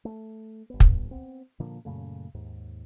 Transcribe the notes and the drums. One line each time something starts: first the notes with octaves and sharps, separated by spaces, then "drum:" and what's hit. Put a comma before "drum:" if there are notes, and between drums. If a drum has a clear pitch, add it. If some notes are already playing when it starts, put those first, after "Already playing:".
A3
G1 B3
drum: kick
B3 C4
A#2 D3 F3 A#3
F#2 A#2 C#3 A3
D#2 G#2